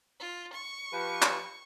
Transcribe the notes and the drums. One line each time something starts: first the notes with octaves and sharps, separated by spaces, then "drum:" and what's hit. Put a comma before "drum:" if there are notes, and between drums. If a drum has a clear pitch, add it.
F4
C#6
F3 G4 B4
drum: clap